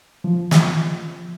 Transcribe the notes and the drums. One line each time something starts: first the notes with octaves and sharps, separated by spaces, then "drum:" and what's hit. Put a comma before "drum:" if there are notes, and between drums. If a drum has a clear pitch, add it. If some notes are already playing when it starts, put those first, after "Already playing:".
F3
drum: snare